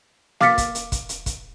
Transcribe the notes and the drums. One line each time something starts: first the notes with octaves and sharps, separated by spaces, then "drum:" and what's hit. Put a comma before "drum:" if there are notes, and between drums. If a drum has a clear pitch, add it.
F5 D6 F6 A6 B6 C#7, drum: snare A#3
drum: kick, hi-hat
drum: hi-hat
drum: kick, hi-hat
drum: hi-hat
drum: kick, hi-hat